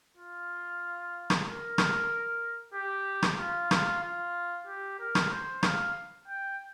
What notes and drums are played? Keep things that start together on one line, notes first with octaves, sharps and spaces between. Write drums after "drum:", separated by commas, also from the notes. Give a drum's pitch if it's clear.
F4
drum: rim click
A#4
drum: rim click
G4
drum: rim click
F4
F4, drum: rim click
F4
G4
A#4
drum: rim click
C5
F5, drum: rim click
G5